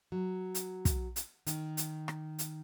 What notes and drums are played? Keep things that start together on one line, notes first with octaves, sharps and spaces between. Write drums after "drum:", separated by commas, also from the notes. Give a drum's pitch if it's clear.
F#3
drum: hi-hat
drum: kick, hi-hat
drum: hi-hat
D#3, drum: hi-hat
drum: hi-hat
drum: rim click
drum: hi-hat